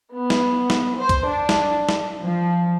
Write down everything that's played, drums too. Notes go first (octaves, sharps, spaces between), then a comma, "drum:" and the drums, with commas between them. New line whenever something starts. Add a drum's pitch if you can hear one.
B3
drum: snare
drum: snare
C5
drum: kick C2, hi-hat
D4
drum: snare
drum: snare
F3